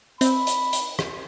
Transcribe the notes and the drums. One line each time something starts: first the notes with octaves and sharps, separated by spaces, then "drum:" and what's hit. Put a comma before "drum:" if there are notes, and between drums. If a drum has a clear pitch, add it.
C4 B5, drum: hi-hat
drum: hi-hat
drum: hi-hat
drum: rim click